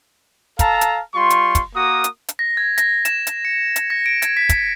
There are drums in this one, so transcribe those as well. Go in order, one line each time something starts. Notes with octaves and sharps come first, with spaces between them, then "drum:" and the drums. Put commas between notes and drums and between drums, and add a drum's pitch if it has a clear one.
A4 F5 A5 A#5, drum: kick, hi-hat
drum: hi-hat
G3 F4 C6 C#6
drum: hi-hat
drum: kick, hi-hat
A#3 F#4 A#4 D#6
drum: hi-hat
drum: hi-hat
A#6
G#6
A#6, drum: hi-hat
E7, drum: hi-hat
drum: hi-hat
C#7
drum: hi-hat
A#6
D7
G#6, drum: hi-hat
B6
drum: kick, hi-hat